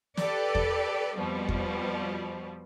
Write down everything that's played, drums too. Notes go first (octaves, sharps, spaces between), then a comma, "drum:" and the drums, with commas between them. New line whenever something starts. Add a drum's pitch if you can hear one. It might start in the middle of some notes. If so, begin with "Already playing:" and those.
G4 A4 B4 D5, drum: snare
drum: kick E2
F2 B2 F3 G3
drum: kick E2